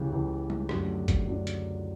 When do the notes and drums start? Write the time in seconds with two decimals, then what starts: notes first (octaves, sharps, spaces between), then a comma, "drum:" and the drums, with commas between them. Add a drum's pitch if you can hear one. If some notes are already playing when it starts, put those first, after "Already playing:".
Already playing: C#2 C#3 E3 G4
0.11 C#2 C#3 E3
0.50 drum: tom G3
0.69 F#2 D3 F#3 A3 D4 G4, drum: rim click
1.08 drum: kick F#1, hi-hat
1.28 F#2 D3 F#3 A3 D4
1.47 drum: hi-hat